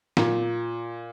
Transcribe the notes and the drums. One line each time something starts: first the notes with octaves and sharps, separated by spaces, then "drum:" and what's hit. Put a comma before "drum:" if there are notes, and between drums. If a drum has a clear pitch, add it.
A#2, drum: snare